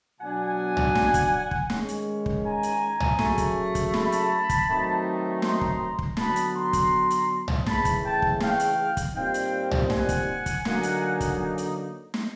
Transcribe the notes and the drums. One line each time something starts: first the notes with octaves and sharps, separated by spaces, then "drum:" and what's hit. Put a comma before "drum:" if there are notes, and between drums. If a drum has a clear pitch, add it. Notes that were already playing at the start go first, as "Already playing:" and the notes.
B2 F#3 B3 D4 F#5 G#5
drum: tom
drum: snare
drum: kick, hi-hat
drum: kick
D#3 G#3 C#4, drum: snare
drum: hi-hat
drum: kick
G#5 A#5
drum: hi-hat
drum: tom
C#3 F#3 A3, drum: snare
drum: kick, hi-hat
drum: kick, hi-hat
A5 B5, drum: snare
drum: hi-hat
drum: kick, hi-hat
D#3 F#3 A3 C4 D#4
A#5 C6, drum: snare
drum: kick
drum: kick
D3 F#3 B3 A5 B5, drum: snare
drum: hi-hat
A#5 C6
drum: kick, hi-hat
drum: hi-hat
drum: tom
C#3 E3 A3 A5 B5, drum: snare
drum: kick, hi-hat
G5 A5
drum: kick
F5 G5, drum: snare
drum: hi-hat
drum: kick, hi-hat
A#2 G3 C4 D#4 F5 G5
drum: hi-hat
drum: tom
F#5 G#5, drum: snare
drum: kick, hi-hat
drum: kick, hi-hat
D3 F#3 A#3 D#4, drum: snare
drum: hi-hat
drum: kick, hi-hat
drum: hi-hat
drum: snare